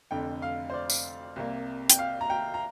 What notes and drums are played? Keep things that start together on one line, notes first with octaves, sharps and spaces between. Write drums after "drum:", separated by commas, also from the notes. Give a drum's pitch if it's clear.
F1 F2 D3 G5
F5
C5
D5
drum: tambourine
C2 C3 A#3
G5, drum: hi-hat
F5
A#5
G5
A#5